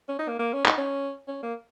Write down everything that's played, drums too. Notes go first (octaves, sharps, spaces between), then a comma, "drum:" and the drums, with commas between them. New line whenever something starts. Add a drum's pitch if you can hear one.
C#4
D#4
A#3
A#3
C#4
D#4, drum: clap
C#4
C#4
A#3